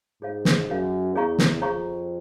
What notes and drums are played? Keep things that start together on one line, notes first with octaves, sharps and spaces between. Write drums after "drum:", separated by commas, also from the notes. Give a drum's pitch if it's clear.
G#2 G#4 C#5 F5
drum: snare
F#2 G#4 C#5 F5
E2 G#4 C#5 F5 A#5 C#6
drum: snare
F2 G#4 C#5 F5 A#5 C#6